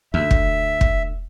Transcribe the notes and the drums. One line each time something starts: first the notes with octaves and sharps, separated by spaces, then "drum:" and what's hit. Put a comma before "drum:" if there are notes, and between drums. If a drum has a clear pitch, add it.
D2 E5
drum: kick
drum: kick